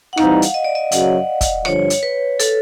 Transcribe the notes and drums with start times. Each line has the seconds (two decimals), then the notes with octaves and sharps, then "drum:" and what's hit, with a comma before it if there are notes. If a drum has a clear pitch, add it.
0.13 F#5
0.17 E3 G3 C4 D#4 F5, drum: rim click
0.42 drum: hi-hat
0.54 D#5
0.64 D5
0.75 D#5
0.92 F#2 C#3 F#3 F#5, drum: hi-hat
1.41 drum: kick, hi-hat
1.65 G2 D3 F3 C#5, drum: rim click
1.90 drum: hi-hat
2.03 B4
2.39 A4, drum: hi-hat